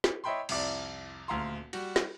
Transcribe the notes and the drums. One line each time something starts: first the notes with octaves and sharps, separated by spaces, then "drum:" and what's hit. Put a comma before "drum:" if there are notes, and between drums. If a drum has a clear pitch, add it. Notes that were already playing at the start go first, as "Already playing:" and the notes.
drum: snare
C#5 D#5 E5 G5 B5 C6
C2 F2 E4 D5, drum: cymbal
D#1 D2 F5 A#5 C6
G3 F#4, drum: cymbal
drum: snare